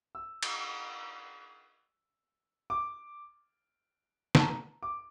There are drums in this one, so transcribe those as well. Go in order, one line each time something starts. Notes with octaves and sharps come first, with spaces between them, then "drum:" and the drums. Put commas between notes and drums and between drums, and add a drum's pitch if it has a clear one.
E6
drum: cymbal
D6
A5, drum: snare
A#5
D6